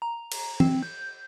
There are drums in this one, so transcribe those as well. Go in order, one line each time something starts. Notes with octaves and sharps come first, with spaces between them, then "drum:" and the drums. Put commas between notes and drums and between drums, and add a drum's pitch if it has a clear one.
A#5
drum: cymbal
C4, drum: tom
G6